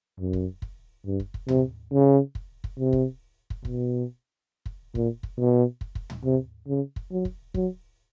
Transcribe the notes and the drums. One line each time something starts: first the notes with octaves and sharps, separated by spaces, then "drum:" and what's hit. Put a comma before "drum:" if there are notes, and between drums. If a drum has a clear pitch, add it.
F#2
drum: kick
drum: kick
G2
drum: kick
drum: kick
C3, drum: tom
C#3
drum: kick
drum: kick
C3
drum: kick
drum: kick
B2, drum: kick
drum: kick
A#2, drum: kick
drum: kick
B2
drum: kick
drum: kick
drum: tom
C3
C#3
drum: kick
F#3
drum: kick
F#3, drum: kick